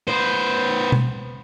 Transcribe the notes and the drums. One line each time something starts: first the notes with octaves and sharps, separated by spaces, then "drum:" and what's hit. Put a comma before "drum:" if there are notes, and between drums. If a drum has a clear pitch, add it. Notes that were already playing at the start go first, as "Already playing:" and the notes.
B3 C5
drum: tom B2